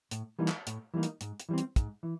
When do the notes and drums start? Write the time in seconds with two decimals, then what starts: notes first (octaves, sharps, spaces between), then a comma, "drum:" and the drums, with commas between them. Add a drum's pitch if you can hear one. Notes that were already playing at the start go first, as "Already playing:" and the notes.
0.11 A2, drum: hi-hat
0.39 E3 G3 A#3 D#4
0.48 drum: clap
0.67 A2, drum: hi-hat
0.94 E3 G3 A#3 D#4
1.03 drum: hi-hat
1.21 G#2, drum: hi-hat
1.40 drum: hi-hat
1.49 E3 G3 C4
1.58 drum: hi-hat
1.76 G#2, drum: kick, hi-hat
2.03 E3